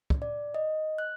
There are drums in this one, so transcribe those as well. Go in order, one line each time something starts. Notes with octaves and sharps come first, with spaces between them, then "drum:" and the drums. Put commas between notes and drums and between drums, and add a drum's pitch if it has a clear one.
drum: kick
D5
D#5
F#6